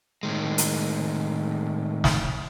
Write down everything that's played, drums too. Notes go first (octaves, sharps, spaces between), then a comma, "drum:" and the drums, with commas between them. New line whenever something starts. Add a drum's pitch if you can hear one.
A2 D#3 G#3
drum: hi-hat
drum: snare